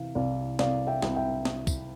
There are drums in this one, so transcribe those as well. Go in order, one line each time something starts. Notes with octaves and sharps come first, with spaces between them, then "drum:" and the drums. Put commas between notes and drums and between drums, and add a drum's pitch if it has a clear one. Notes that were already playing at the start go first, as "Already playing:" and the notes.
Already playing: C3 E3 F5
C2 D5 F5
C2 D5 F5, drum: snare
E5 G5
C2, drum: snare
E5 G5
drum: snare
drum: kick, tambourine